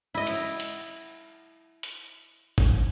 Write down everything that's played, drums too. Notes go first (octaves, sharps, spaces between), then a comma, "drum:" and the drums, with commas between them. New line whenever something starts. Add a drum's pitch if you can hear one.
E4 D#5
drum: cymbal
drum: hi-hat
drum: hi-hat
drum: kick